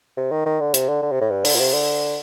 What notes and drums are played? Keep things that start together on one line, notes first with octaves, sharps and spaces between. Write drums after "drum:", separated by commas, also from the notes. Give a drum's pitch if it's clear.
C3
D#3
D#3
D3
C3, drum: hi-hat
D3
D3
C3
A2
G2
D3, drum: open hi-hat
A#2
C3
D3